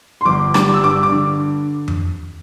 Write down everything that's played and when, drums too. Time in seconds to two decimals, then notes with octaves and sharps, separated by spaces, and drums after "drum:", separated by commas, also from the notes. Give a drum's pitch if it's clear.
0.21 C6
0.25 G1 D6
0.54 G3 D6, drum: rim click
0.74 E6
0.83 G2 D6
1.03 D6
1.11 D3
1.88 drum: tom F2